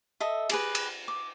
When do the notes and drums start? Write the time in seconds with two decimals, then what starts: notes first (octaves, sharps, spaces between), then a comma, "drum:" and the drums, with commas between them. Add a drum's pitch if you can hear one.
0.20 A4 D#5 E5
0.49 G4 G#4 B4, drum: cymbal
0.75 drum: cymbal
1.08 D6